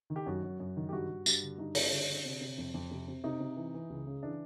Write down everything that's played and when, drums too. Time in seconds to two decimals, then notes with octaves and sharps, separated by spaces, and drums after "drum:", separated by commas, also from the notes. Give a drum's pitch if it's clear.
0.10 D#3
0.16 G4
0.26 F#2 F#4
0.43 F#2
0.60 F#2
0.77 D#3
0.89 G4
0.92 G2 F#4
1.09 G2
1.26 G2, drum: tambourine
1.42 D3
1.58 G2 D#4
1.75 G2, drum: open hi-hat
1.92 D3
2.09 D3
2.25 C3
2.41 C3
2.58 F2
2.74 F2
2.91 C3
3.08 C3
3.24 C3 D#4
3.40 C3
3.57 E3
3.74 E3
3.90 C#2
4.07 C#3
4.23 E3 D4